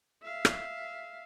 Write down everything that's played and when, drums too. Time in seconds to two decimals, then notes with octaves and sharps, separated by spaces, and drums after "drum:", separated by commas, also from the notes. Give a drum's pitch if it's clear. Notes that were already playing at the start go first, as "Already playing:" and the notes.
0.23 E5 F5
0.45 drum: rim click